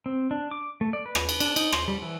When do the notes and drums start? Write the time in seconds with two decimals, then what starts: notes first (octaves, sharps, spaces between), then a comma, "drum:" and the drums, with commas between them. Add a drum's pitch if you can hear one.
0.06 C4
0.31 D4
0.51 D6
0.81 A3
0.93 D5
1.06 B4
1.15 drum: rim click
1.29 drum: cymbal
1.40 D4, drum: cymbal
1.56 D#4, drum: cymbal
1.72 C6, drum: rim click
1.88 G3
2.02 E3